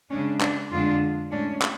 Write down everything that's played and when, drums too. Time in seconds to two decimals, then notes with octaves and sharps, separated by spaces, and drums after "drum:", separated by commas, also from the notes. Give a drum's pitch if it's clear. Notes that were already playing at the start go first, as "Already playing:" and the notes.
0.10 C#3 G#3 C#4 D4
0.41 D4, drum: clap
0.71 F2 D3 G#3 D4 F4 G#4
1.31 A2 G#3 C#4 D4
1.62 drum: clap